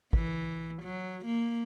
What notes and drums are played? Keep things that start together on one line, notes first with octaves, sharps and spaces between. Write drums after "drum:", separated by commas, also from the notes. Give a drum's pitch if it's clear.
E3, drum: kick
F#3
A#3